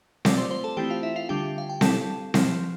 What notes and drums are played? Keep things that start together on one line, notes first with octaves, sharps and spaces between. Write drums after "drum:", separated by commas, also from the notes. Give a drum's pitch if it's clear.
A3 C4 F4 D5 D6, drum: snare C4
C5 C6
C5 C6
A4 A5
E3 A3 C4 E4 G4 G5
F4 F5
E4 E5
F4 F5
D3 G3 D4 G4 G5
F5
G5
G3 C4 E4 A4 A5, drum: snare C4
F3 C4 E4, drum: snare C4